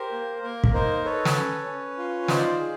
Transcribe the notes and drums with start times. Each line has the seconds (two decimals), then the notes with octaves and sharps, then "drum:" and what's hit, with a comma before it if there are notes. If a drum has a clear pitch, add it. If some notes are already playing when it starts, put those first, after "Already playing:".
Already playing: G4 A#4 C5
0.12 A#3
0.43 A#3 A#4
0.64 drum: kick
0.74 D#4 A#4 C5
1.05 A4 B4 C#5
1.25 drum: snare
1.36 C#4
1.66 C#4
1.98 F4
2.28 D#4 C5 D5, drum: snare
2.59 G#4